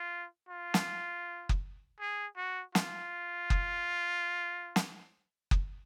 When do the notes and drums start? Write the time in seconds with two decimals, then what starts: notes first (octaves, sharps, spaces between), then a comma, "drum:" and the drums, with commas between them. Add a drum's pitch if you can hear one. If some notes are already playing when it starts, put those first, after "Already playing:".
Already playing: F4
0.49 F4
0.74 drum: snare
1.49 drum: kick F#1
2.00 G#4
2.37 F#4
2.75 F4, drum: snare
3.50 drum: kick F#1
4.76 drum: snare
5.51 drum: kick F#1